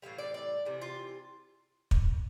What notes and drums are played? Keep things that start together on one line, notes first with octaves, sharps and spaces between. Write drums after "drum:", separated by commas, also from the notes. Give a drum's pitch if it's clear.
A2 E3 G3 F5
D5
D5
C3 E3 G3
F4
drum: kick